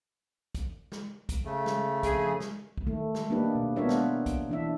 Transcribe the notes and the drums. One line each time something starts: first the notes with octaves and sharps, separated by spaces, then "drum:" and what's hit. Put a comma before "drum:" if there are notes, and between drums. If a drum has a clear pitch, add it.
drum: kick, hi-hat
drum: snare
drum: kick, hi-hat
C#3 A3
drum: snare
F2 G#4, drum: kick, hi-hat
drum: snare
drum: kick
D#3 A3
drum: snare
A#3 D4 D#4 G4 B4
B2
B3 D4 F4 A#4 C#5 E5
drum: snare
drum: kick, hi-hat
E3 D4 E5